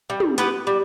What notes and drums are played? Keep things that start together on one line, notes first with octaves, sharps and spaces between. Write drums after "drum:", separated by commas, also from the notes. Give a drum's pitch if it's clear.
G3
drum: tom
B3 G4 B4, drum: hi-hat
G3